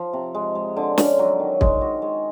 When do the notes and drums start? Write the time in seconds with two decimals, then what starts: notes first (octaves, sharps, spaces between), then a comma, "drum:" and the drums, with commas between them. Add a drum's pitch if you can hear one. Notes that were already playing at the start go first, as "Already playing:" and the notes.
Already playing: F3
0.13 C3
0.35 G#3
0.55 G#3
0.77 D3
0.98 C#4, drum: snare
1.19 F#3
1.39 D#3
1.61 G#3, drum: kick
1.81 F#4
2.02 G#3